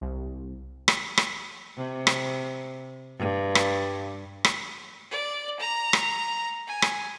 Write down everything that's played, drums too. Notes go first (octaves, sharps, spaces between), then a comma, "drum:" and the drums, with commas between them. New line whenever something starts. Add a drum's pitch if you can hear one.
C2
drum: rim click
drum: rim click
C3
drum: rim click
G2
drum: rim click
drum: rim click
D5
A#5
drum: rim click
G#5
drum: rim click